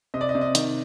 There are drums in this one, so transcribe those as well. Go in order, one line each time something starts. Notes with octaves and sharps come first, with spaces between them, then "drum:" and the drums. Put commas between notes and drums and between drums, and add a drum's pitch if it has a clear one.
C3 D#5
D5
D#5
C3
D#5
D#3, drum: hi-hat